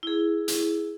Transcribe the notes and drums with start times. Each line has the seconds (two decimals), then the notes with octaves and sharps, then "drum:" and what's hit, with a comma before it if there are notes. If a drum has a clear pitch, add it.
0.03 E4 G#4
0.48 drum: hi-hat